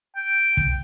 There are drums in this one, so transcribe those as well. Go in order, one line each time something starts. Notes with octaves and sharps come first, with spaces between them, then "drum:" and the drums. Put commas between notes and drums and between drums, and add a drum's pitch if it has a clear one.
G5
drum: kick